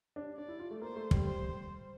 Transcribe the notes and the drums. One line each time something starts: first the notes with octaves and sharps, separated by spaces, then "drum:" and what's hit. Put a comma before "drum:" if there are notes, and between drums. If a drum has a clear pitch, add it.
D4
D4 D5
E4
F4
A3
A#3 C5
A3
G3, drum: kick
C5